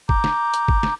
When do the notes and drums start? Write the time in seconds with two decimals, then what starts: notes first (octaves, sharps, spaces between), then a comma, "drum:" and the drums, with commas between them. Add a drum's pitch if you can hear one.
0.09 A#5 D6 G6, drum: kick
0.24 drum: snare
0.54 drum: hi-hat
0.68 drum: kick
0.83 drum: snare